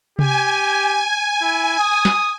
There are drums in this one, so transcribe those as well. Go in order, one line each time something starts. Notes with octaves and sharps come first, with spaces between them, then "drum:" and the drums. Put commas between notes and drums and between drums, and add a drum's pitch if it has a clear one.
G4 G#5, drum: tom C3
E4
D#6
drum: snare